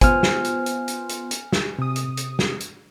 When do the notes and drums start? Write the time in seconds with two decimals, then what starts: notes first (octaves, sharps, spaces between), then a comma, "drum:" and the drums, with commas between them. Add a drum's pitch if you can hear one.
0.01 B3 F4 C5 G#5 F6, drum: kick, hi-hat
0.23 drum: snare
0.45 drum: hi-hat
0.66 drum: hi-hat
0.88 drum: hi-hat
1.09 drum: hi-hat
1.31 drum: hi-hat
1.52 drum: snare
1.79 C3 D#6
1.96 drum: hi-hat
2.17 drum: hi-hat
2.39 drum: snare
2.60 drum: hi-hat